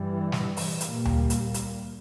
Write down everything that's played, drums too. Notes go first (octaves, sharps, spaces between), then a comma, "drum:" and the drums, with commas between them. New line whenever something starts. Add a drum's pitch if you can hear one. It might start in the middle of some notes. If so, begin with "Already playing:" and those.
Already playing: G2 E3 G3
drum: snare
drum: open hi-hat
A#2 G3 A#3, drum: hi-hat
drum: tom D2
drum: hi-hat
drum: hi-hat